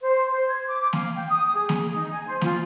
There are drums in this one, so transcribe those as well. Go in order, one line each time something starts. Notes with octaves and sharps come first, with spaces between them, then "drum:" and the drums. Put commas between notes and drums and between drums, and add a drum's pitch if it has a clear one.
C5
C5
G#6
D6
F5, drum: snare
G5
D#6
G#4
drum: snare
D#4
G#5
C5
F4, drum: snare